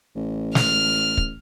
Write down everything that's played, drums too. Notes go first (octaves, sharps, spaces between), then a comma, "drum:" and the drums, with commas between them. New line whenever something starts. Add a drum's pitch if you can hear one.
A1
F6, drum: snare
drum: kick